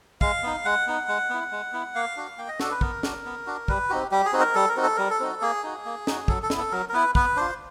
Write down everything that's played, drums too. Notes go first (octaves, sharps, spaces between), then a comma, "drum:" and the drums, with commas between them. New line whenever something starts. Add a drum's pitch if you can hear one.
G#3 F5, drum: kick
B3 D#4
G#3 F#5
B3 D#4
G#3
B3 E4
G#3
B3 E4
A#3 F5
D4 F#4
A#3 G5
D#5
D4 F#4 A4, drum: snare
B4
B3 A#4, drum: kick
D4 F#4, drum: snare
B3
D4 F#4
G3 B4, drum: kick
C4 D#4 F#4 G4
G3 G4
G#4
C4 D#4 F#4
A#4
G3 A4
A#4
C4 D#4 F#4
A4
G3 A#4
A4
C4 D#4 F#4
A#3 G#4
D#4 F#4
A#3
D#4 F#4, drum: snare
F#3 A4, drum: kick
A4
B3 E4, drum: snare
A4
F#3 A#4
A#4
B3 E4 B4
B3 B4, drum: kick
D4 F4 C5